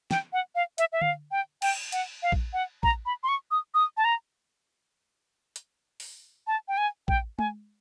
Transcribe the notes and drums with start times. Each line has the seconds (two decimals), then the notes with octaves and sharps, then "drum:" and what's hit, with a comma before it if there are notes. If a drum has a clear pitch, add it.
0.11 G5, drum: snare
0.33 F#5
0.55 F5
0.78 E5, drum: hi-hat
0.92 E5
1.01 F5, drum: tom D3
1.31 G5
1.62 G5, drum: cymbal
1.92 F#5, drum: hi-hat
2.23 F5
2.32 drum: kick
2.53 F#5
2.83 A#5, drum: kick
3.06 B5
3.23 C6
3.28 C#6
3.51 D#6
3.74 D#6
3.97 A5
4.05 A#5
5.56 drum: hi-hat
6.00 drum: open hi-hat
6.47 A5
6.68 G5
6.78 G#5
7.08 G5, drum: kick
7.39 G#5, drum: tom G#3